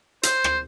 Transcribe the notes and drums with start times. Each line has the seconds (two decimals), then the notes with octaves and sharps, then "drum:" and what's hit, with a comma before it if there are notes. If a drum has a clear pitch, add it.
0.23 C5, drum: hi-hat
0.44 drum: rim click